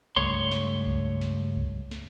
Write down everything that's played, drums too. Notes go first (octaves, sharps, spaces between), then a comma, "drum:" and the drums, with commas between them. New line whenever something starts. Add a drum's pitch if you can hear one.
C#2 G2 A3 C#5 C6, drum: kick C2
drum: snare
drum: kick C2
drum: snare
drum: kick C2
drum: snare